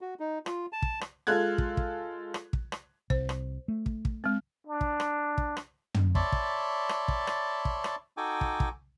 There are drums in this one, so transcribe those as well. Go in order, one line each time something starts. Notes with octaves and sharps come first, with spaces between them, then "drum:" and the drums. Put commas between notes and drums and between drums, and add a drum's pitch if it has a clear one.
F#4
D#4
F4, drum: rim click
A5
drum: kick
drum: rim click
G#3 F4 A4 F#6 G#6
drum: kick
drum: kick
drum: rim click
drum: kick
drum: rim click
C2 C5, drum: kick
drum: rim click
A3
drum: kick
drum: kick
G#3 C4
D4
drum: kick
drum: rim click
drum: kick
drum: rim click
drum: tom
C#5 D5 E5 A5 B5 C6, drum: kick
drum: kick
drum: rim click
drum: kick
drum: rim click
drum: kick
drum: rim click
D#4 F#4 A4 G5 G#5 D6
drum: kick
drum: kick